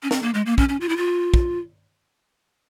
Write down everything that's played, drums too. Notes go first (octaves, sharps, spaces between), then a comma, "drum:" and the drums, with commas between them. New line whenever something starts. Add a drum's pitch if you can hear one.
C#4
C4, drum: snare
A#3
G#3
A#3
C#4, drum: kick
C#4
F4
E4
F4
drum: kick